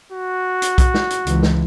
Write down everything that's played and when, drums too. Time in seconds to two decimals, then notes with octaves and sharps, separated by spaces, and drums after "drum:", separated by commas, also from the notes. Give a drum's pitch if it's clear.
0.12 F#4
0.62 drum: hi-hat
0.78 drum: kick B1, hi-hat
0.94 drum: snare
1.10 drum: hi-hat
1.27 C#2 E3, drum: hi-hat
1.43 drum: snare